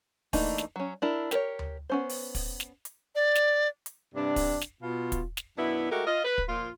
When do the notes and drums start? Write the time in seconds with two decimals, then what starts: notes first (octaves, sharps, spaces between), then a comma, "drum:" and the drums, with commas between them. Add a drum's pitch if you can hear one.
0.33 E3 A3 A#3 D4 D#4, drum: kick, open hi-hat
0.58 drum: snare
0.76 F#3 C#4
1.02 D4 E4 A#4
1.31 G4 A#4 B4 C#5, drum: snare
1.59 drum: tom D2
1.90 B3 C#4 C5
2.09 drum: open hi-hat
2.35 drum: kick, open hi-hat
2.60 drum: snare
2.85 drum: hi-hat
3.15 D5
3.35 drum: snare
3.86 drum: hi-hat
4.14 G2 C3 D4
4.36 drum: kick, open hi-hat
4.61 drum: snare
4.82 B2 F4
5.12 drum: kick, hi-hat
5.37 drum: snare
5.58 F#2 B2 B3 D4 E4
5.91 G#3 A3 F#4 G4 A4 A#4
6.06 F4 D#5
6.25 B4
6.38 drum: kick
6.48 A#2 F3 A#3 F4